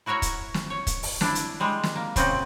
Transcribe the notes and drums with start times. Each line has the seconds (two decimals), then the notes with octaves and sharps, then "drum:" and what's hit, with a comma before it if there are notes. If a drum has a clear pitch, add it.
0.06 E4 F#4 A#4 C#5 E5
0.22 drum: kick, hi-hat
0.54 drum: snare
0.70 C#5
0.87 drum: kick, hi-hat
1.03 drum: open hi-hat
1.21 D4 E4, drum: snare
1.35 drum: hi-hat
1.60 G3 G#3
1.84 drum: snare
1.96 A#3
2.16 A#2 C#3 C4 D5 D#5 F#5, drum: kick, hi-hat